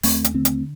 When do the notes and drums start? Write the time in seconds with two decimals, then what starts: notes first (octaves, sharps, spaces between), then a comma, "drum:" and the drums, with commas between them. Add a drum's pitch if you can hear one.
0.03 D#2 A3 C4, drum: open hi-hat
0.24 drum: hi-hat
0.34 D3 A3 C4
0.45 drum: hi-hat